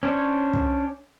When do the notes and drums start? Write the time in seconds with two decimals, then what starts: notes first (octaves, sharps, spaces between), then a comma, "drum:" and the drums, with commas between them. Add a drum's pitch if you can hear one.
0.03 C#4 D4 C5 C#5
0.53 drum: kick